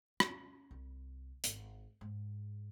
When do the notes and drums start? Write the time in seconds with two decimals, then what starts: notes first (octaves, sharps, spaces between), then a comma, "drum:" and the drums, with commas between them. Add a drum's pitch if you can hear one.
0.20 C#4, drum: rim click
0.71 C2
1.44 G#1, drum: hi-hat
2.01 G#2